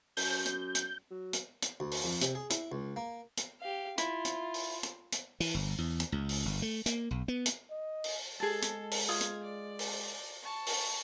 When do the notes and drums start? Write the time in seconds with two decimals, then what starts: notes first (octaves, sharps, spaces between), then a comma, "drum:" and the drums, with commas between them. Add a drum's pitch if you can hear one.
0.17 F#2 G6, drum: open hi-hat
0.46 drum: hi-hat
0.75 drum: hi-hat
1.11 F#3
1.33 drum: hi-hat
1.62 drum: hi-hat
1.80 D2
1.91 drum: open hi-hat
2.04 F2
2.21 C3, drum: hi-hat
2.35 G#4
2.50 E4, drum: hi-hat
2.72 C#2
2.96 A#3
3.37 drum: hi-hat
3.61 G4 F5
3.98 E4 F4, drum: hi-hat
4.25 drum: hi-hat
4.54 drum: open hi-hat
4.83 drum: hi-hat
5.12 drum: hi-hat
5.40 E3, drum: open hi-hat
5.54 G1
5.78 E2
6.00 drum: hi-hat
6.12 C#2
6.29 drum: open hi-hat
6.46 G1
6.62 A3
6.86 A#3, drum: hi-hat
7.11 B1
7.28 B3
7.46 drum: hi-hat
7.71 D#5
8.04 drum: open hi-hat
8.40 G#3 G#4 A4 A5
8.62 drum: hi-hat
8.91 drum: open hi-hat
9.09 F4 D#6 G#6
9.21 drum: hi-hat
9.43 D5
9.79 drum: open hi-hat
10.43 A5 C#6
10.66 drum: open hi-hat